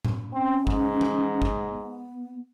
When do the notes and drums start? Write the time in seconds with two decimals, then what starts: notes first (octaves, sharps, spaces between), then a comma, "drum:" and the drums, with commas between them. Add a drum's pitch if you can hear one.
0.05 drum: tom A2
0.33 C4 C#4
0.67 G#2, drum: kick
1.01 drum: tom E3
1.42 drum: kick
1.70 B3